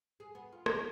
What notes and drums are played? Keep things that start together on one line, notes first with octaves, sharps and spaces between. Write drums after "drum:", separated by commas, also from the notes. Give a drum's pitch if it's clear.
G#4
B3
F4
D#4, drum: rim click